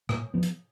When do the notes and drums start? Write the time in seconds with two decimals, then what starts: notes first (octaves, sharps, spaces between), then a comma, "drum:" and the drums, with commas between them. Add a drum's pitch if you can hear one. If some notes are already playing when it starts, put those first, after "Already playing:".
0.09 A#2, drum: rim click
0.34 F3 B3
0.43 drum: hi-hat